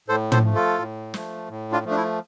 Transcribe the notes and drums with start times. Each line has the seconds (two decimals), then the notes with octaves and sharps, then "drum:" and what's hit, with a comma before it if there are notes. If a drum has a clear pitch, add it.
0.08 A2 A4 C5
0.32 A4 C5, drum: tom
0.43 F3 A3
0.55 F4 A4
0.79 A2
1.14 F3 A3, drum: snare
1.49 A2
1.72 D4 F4
1.85 F3 A3
1.91 D4
1.96 E4